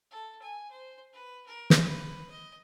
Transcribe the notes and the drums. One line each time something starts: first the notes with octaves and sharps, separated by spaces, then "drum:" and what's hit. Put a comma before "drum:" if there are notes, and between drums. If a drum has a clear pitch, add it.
A4
G#5
C5
B4
A#4
drum: snare
B4
D#5